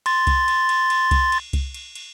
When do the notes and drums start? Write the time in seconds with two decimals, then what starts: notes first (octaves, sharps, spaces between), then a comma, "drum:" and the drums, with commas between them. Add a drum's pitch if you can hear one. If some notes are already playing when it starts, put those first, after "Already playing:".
0.06 C6 A6, drum: cymbal
0.27 drum: kick C2, cymbal
0.48 drum: cymbal
0.69 drum: cymbal
0.90 drum: cymbal
1.11 drum: kick C2, cymbal
1.32 drum: cymbal
1.53 drum: kick C2, cymbal
1.74 drum: cymbal
1.95 drum: cymbal